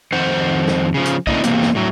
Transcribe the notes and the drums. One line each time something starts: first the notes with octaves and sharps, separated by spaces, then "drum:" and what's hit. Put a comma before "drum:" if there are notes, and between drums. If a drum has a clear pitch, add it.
F2 D#3 C5 F#5
drum: snare
C#3 F3
drum: hi-hat
C#3 A3 A#3 E4 D5 D#5, drum: kick
E2 C3 A#3 C4, drum: hi-hat
drum: snare
A2 F#3